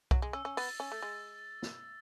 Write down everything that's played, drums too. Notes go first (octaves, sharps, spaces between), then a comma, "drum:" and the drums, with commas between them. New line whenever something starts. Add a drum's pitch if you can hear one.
F#3, drum: kick B1
G#3
C#4 E6
C#4
B3 A6, drum: open hi-hat
C#4
A3
G#3
drum: snare